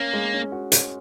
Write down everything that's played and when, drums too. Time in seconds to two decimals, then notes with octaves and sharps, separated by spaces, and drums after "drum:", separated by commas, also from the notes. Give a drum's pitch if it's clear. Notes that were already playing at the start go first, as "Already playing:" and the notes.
Already playing: A#3 C#4
0.13 G#3
0.33 C#4
0.52 F#4
0.72 C#4, drum: hi-hat